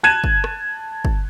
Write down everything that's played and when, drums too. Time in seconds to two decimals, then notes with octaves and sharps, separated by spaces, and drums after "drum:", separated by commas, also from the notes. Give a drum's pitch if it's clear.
0.03 A5 F#6 G#6 D#7 E7
0.24 drum: kick
0.44 drum: rim click
1.05 drum: kick